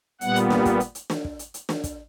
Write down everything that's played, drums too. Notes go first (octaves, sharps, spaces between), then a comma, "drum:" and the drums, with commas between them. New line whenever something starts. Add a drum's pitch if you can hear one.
A#2 G3 B3 F#5, drum: hi-hat
drum: hi-hat
drum: snare
drum: kick, hi-hat
drum: hi-hat
drum: hi-hat
drum: snare
drum: kick
drum: hi-hat
drum: hi-hat
drum: snare
drum: kick, hi-hat